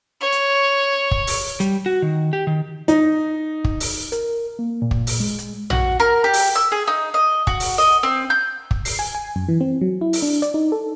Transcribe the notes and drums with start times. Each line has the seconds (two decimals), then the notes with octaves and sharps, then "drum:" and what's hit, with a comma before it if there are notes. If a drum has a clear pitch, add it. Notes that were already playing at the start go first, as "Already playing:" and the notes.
0.20 C#5
0.32 drum: hi-hat
1.11 drum: kick
1.27 drum: open hi-hat
1.60 G3, drum: hi-hat
1.86 F#4
2.02 D#3
2.33 G4
2.47 D#3
2.88 D#4, drum: hi-hat
3.64 drum: kick
3.80 drum: open hi-hat
4.12 A#4, drum: hi-hat
4.59 A#3
4.82 A#2
4.91 drum: kick
5.07 drum: open hi-hat
5.20 G#3
5.38 drum: hi-hat
5.70 F#4, drum: tom A#1
6.00 A#4
6.24 G4
6.33 drum: open hi-hat
6.55 E6
6.72 G#4
6.87 D#4
7.14 D#5
7.47 F#4, drum: kick
7.60 drum: open hi-hat
7.78 D#5
7.92 drum: hi-hat
8.03 C4
8.30 G6
8.71 drum: kick
8.85 C7, drum: open hi-hat
8.99 G#5
9.15 G#5
9.36 F#2
9.48 E3
9.61 C4
9.81 F#3
10.01 E4
10.13 drum: open hi-hat
10.22 D4
10.42 D5, drum: hi-hat
10.54 D#4
10.72 A4